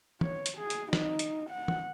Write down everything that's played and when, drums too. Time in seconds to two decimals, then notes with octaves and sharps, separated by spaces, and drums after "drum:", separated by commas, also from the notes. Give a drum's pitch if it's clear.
0.21 C#5, drum: tom E3
0.46 drum: hi-hat
0.58 G#4
0.70 drum: hi-hat
0.93 D#4, drum: snare
1.19 drum: hi-hat
1.50 F#5
1.68 drum: tom E3